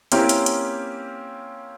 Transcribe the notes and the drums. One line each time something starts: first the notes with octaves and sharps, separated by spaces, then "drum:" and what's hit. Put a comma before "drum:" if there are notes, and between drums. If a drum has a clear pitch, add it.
A#3 C4 C#4 E4 G4 A#4, drum: hi-hat
drum: hi-hat
drum: hi-hat